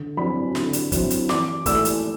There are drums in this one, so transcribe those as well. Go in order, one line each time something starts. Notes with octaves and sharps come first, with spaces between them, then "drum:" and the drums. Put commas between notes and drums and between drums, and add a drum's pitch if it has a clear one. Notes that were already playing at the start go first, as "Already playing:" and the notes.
Already playing: D3
F#3 C4 E4 B5
D3, drum: snare
drum: hi-hat
F#3 C4 E4, drum: kick, hi-hat
drum: hi-hat
E3 D6, drum: snare
A3 E4 E6, drum: kick, hi-hat
drum: hi-hat